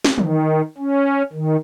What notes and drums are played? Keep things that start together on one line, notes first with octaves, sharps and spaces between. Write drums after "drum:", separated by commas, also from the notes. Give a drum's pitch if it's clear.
drum: snare
D#3, drum: tom
C#4
D#3